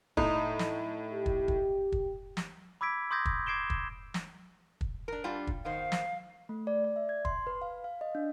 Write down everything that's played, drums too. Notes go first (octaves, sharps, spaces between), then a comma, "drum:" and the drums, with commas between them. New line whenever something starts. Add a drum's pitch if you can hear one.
A2 D#4, drum: kick
drum: snare
G4
drum: kick
drum: kick
drum: kick
drum: snare
B5 D6 E6 G#6 B6 D7
C6 D6 D#6 G6 G#6 A#6
drum: kick
D6 G#6 C7 D7 E7 G7
drum: kick
drum: snare
drum: kick
D4 A#4
G3 D4 F4
drum: kick
B2 D#3 C5 F5
drum: snare
A3
D5
D5
E5
G#6
C6, drum: kick
B4
F5
F5
D#5
D4